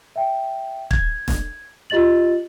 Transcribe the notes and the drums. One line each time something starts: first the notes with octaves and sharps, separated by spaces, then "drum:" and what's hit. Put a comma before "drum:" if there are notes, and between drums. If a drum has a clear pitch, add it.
E5 G5
G#6, drum: kick
drum: snare E1
F4 G4 D#5 A6 F#7